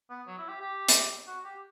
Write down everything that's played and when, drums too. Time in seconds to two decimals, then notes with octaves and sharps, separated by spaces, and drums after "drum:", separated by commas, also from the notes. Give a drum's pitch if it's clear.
0.10 B3
0.27 F#3
0.39 E4
0.49 G4
0.61 G4
0.89 drum: hi-hat
1.27 F#4
1.44 G4